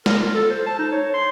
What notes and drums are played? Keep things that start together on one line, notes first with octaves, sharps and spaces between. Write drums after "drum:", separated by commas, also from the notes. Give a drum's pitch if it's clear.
A#4, drum: snare
F4
A4
C5
A5
D#4
C#5
C6